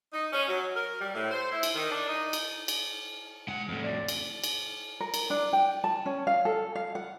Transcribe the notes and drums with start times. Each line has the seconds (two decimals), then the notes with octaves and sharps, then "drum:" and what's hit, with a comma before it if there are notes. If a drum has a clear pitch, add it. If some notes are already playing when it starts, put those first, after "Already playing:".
0.13 D#4
0.32 C#4
0.48 F#3
0.76 A#4
1.01 G3
1.14 A2
1.31 C5
1.51 E4
1.63 drum: cymbal
1.75 D#3
1.92 D4
2.08 D#4
2.33 drum: cymbal
2.68 drum: cymbal
3.48 G#3 F#5
3.68 F2 A2
3.82 D5
4.08 drum: cymbal
4.44 drum: cymbal
5.00 A#4
5.14 drum: cymbal
5.30 D4
5.53 G5
5.84 A5
6.06 C#4
6.27 F5
6.45 A4
6.75 F5
6.95 F#5